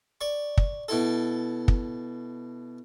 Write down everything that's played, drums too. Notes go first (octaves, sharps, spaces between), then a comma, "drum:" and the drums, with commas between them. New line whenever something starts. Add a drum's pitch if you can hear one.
D5 C#6
drum: kick
B2 E4 A4
drum: kick